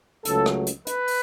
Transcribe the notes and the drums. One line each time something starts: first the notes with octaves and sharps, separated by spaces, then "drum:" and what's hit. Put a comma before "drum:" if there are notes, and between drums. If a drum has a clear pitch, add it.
C#2 C#3 F#3 A3 A4, drum: hi-hat
drum: rim click
drum: hi-hat
B4, drum: hi-hat
drum: open hi-hat